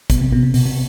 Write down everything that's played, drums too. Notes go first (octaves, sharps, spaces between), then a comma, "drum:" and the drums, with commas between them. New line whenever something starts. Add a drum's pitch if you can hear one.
B2, drum: kick, hi-hat
C3
B2
C3
B2, drum: open hi-hat
C3